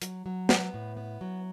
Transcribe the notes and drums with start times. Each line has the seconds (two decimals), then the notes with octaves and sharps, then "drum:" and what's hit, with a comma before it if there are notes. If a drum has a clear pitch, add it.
0.02 F#3, drum: hi-hat
0.26 F#3
0.49 B3, drum: snare
0.74 A2
0.97 B3
1.21 F#3